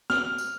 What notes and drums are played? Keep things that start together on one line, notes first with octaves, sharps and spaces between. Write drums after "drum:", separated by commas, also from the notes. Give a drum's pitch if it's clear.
F6, drum: snare
drum: tambourine